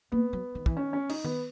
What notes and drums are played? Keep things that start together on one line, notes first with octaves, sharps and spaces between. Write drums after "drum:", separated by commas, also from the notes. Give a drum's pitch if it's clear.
A#3 B3
F#3
D#3
E3, drum: kick
D#3 C#4
C#4
D#4, drum: cymbal
B3, drum: tom D#3